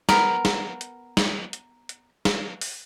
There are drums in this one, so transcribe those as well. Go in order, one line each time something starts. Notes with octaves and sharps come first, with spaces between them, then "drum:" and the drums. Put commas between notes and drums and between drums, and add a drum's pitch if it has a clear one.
B3 A#4, drum: snare
drum: snare
drum: hi-hat
drum: snare
drum: hi-hat
drum: hi-hat
drum: snare
drum: open hi-hat